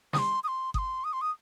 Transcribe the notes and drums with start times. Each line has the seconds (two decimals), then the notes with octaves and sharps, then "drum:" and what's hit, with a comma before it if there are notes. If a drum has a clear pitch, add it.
0.13 D#6, drum: snare
0.18 C6
0.44 D#6
0.48 C6
0.74 D#6, drum: kick G1
0.78 C6
1.04 D#6
1.13 C6
1.21 D#6